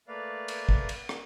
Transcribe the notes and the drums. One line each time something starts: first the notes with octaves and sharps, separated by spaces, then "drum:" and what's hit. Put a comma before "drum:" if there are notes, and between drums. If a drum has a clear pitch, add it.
A3 A#3 B4 D5 F5
drum: cymbal
drum: kick
drum: cymbal
drum: rim click